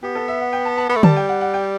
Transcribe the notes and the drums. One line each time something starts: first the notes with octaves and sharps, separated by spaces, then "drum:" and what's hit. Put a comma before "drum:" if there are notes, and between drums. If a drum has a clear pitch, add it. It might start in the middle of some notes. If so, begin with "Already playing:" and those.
B3 G4
A4
E5
F#5
G5
A5
A5
B3 B5
A3
G3 A5, drum: tom D3
G5
F#5
F#5
G5